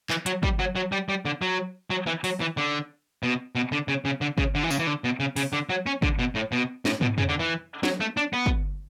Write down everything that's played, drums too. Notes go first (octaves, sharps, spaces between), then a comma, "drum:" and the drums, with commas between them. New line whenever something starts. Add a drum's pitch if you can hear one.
E3, drum: clap
F#3, drum: hi-hat
G3, drum: kick
F#3
F#3
G3
G3
D3
F#3
F#3
E3
F#3, drum: open hi-hat
E3
D3
B2
B2
D3
C#3
C#3
D3
C#3, drum: kick
D3
E3
C#3, drum: tambourine
E3
D3
B2
C#3
C#3, drum: open hi-hat
D3
F#3
C#4
D3, drum: kick
B2
A2
B2
A2, drum: snare
B2, drum: tom
C#3, drum: tom E2
D3
E3
F#3, drum: snare
A3
D4
B3
drum: kick